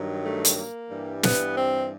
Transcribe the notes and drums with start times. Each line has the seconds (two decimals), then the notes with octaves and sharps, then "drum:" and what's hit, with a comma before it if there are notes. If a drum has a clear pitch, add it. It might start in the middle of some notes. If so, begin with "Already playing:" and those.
Already playing: G2 D#3 F#3
0.24 A3
0.45 drum: hi-hat
0.57 A#3
0.90 G2 E3 G3
1.23 B3, drum: snare
1.57 C4